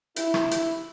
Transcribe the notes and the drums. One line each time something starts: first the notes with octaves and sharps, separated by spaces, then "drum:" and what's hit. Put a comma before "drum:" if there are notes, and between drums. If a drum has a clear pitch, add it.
E4, drum: hi-hat
drum: rim click
drum: hi-hat